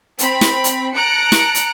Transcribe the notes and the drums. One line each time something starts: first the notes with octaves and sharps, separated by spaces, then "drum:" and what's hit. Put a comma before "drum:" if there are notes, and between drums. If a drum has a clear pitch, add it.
C4 B5, drum: hi-hat
drum: snare
drum: hi-hat
A5 A#5 F#6 C#7 D7
drum: snare
drum: hi-hat